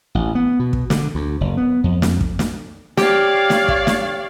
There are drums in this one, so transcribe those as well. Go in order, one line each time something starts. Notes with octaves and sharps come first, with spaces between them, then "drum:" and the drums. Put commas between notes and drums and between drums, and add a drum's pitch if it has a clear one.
A1
B3
B2
drum: kick
D3, drum: snare
D2
F#1
B3
F2
drum: snare
drum: kick
drum: snare
G4 C#5 D5 F5, drum: snare
drum: snare
drum: kick
drum: snare